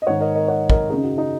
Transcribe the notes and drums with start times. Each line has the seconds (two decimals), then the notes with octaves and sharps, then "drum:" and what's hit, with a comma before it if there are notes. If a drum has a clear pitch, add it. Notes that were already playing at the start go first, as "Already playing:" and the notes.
0.02 D#5
0.06 G#2 D#3 C#5 F#5
0.20 A#4 D#5
0.35 A#4 D#5
0.48 C#5 F#5
0.70 A#4 D#5, drum: kick
0.90 F#2 C#3 D#4 G#4
1.04 F#4
1.18 D#4